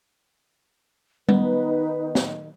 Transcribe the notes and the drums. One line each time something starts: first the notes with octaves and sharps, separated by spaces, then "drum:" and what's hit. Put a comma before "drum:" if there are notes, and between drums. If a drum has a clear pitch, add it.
D#3 B3 D#4 B4, drum: tom G3
drum: snare